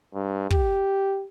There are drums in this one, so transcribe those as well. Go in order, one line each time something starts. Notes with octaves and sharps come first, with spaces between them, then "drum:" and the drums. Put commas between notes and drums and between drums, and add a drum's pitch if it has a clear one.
G2
G4, drum: kick